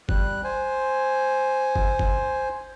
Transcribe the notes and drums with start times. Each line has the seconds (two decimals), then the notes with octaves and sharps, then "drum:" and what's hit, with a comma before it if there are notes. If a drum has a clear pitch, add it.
0.09 G3 F#6, drum: kick
0.44 C5 G#5
1.76 drum: kick
1.99 drum: kick